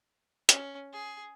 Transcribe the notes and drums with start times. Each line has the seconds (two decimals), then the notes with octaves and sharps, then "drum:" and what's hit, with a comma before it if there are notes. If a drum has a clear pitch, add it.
0.49 C#4, drum: hi-hat
0.93 G#4